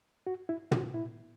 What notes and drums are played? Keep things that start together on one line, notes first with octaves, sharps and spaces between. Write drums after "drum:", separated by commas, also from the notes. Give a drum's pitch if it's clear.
F#4
E4
F#4, drum: tom
E4